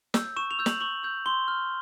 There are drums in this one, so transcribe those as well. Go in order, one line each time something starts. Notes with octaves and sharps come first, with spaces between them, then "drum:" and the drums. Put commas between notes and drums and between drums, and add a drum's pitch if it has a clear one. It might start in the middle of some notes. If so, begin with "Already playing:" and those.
E6 G6, drum: snare
C#6 E7
F7
E6 G6
F#7, drum: snare
C#6 F#7
E6 G6
C6 G7
F6